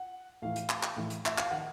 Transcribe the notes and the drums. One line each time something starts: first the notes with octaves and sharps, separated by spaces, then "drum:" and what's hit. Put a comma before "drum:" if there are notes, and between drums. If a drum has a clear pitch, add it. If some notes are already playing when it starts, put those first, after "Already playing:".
Already playing: F#5
A2 E3 F5
drum: hi-hat
drum: clap
drum: clap
A2 E3
drum: hi-hat
E5, drum: clap
F5, drum: clap
D#3 F#5